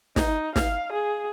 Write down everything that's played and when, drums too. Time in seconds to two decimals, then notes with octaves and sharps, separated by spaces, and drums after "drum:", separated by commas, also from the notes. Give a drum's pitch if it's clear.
0.16 D#4, drum: snare
0.56 F5, drum: snare
0.93 G#4